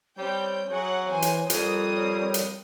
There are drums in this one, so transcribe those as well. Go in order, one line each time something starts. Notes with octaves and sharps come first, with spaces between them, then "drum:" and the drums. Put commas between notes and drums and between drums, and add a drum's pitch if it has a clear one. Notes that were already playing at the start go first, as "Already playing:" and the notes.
G3 C4 C#5 G5 G6
F#3 G#4 F#5
E3 C4 C5 G#5
drum: hi-hat
F2 G3 C4 A#4 D#6, drum: hi-hat
C#5
drum: hi-hat